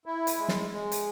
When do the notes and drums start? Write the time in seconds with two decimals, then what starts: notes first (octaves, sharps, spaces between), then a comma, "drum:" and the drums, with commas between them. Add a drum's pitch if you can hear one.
0.06 E4
0.27 drum: hi-hat
0.37 G#3
0.48 drum: snare
0.71 G#3
0.92 drum: hi-hat